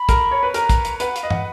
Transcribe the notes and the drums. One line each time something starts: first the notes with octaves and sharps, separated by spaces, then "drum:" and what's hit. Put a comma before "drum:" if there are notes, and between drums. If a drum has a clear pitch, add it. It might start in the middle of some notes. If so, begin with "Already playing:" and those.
Already playing: B5
A#4, drum: kick, hi-hat
C#5
B4
A#4 A#5, drum: hi-hat
drum: kick, hi-hat
drum: hi-hat
B4 F#5, drum: hi-hat
F5, drum: hi-hat
D#5
F#5, drum: tom